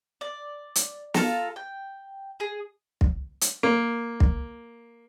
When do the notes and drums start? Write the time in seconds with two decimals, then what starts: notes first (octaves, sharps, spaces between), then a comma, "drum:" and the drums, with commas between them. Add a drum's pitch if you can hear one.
0.21 D5
0.75 drum: hi-hat
1.14 F4 A4 A5 A#5, drum: snare
1.56 G5
2.40 G#4
3.01 drum: kick
3.41 drum: hi-hat
3.63 A#3
4.20 drum: kick